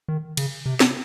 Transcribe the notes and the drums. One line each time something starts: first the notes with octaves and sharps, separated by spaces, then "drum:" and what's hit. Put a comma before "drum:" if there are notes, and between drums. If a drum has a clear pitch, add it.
D#3
C#3, drum: cymbal
C3
drum: snare